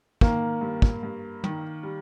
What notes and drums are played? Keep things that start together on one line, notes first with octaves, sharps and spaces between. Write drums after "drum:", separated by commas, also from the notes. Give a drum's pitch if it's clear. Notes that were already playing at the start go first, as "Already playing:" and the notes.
D#3 A#3, drum: kick
G2
drum: kick
G2
D#3, drum: tom
G3